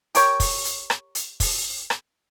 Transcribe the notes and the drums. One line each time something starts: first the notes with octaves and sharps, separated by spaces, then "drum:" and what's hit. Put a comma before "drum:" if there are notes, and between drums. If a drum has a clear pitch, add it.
G4 A#4 C#5 G5, drum: hi-hat
drum: kick, open hi-hat
drum: hi-hat
drum: rim click
drum: hi-hat
drum: kick, open hi-hat
drum: rim click